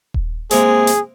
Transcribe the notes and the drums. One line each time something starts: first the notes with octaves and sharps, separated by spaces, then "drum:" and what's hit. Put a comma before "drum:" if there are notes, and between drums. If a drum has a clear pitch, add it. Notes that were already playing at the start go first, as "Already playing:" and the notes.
drum: kick D#1
C3 G#3 A#3 G#4, drum: hi-hat
drum: hi-hat